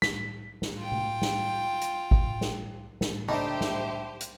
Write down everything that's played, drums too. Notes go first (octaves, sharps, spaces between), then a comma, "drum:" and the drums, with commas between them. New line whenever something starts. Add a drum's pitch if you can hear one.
B6, drum: snare
drum: snare
F4 G5
drum: tom C3
drum: snare
drum: hi-hat
drum: kick G#1
drum: snare
drum: snare
A3 D4 D#4 G4 C5 A5 B5 D6, drum: tom C#3
drum: snare
drum: hi-hat